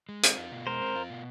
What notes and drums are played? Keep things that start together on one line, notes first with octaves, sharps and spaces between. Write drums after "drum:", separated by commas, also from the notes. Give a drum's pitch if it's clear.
G#3
C4, drum: hi-hat
F4
B2
G#3 A#4 C5
C4
F4
B2